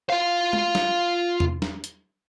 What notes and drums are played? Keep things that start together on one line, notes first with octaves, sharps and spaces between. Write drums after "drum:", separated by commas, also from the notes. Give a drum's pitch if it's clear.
F4 F5
drum: tom
drum: snare
drum: tom E2
drum: snare
drum: hi-hat